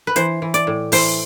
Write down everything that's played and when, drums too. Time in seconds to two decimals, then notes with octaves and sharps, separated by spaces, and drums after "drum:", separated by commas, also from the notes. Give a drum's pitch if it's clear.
0.07 B4
0.16 E3 C5, drum: hi-hat
0.42 E3
0.54 D5, drum: hi-hat
0.67 A2
0.92 E3 C5, drum: open hi-hat